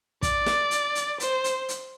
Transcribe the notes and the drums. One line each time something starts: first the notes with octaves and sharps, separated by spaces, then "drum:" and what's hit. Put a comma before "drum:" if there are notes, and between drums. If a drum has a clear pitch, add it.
D5, drum: kick, hi-hat
drum: snare
drum: hi-hat
drum: hi-hat
C5, drum: hi-hat
drum: hi-hat
drum: hi-hat